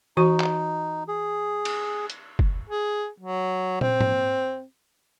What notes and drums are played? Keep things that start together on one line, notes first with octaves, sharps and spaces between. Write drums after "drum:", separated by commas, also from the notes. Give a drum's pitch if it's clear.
E3 D#4 F#4 C#6
drum: clap
G#4
drum: cymbal
drum: hi-hat
drum: kick F#1
G#4
F#3
C4, drum: tom
drum: tom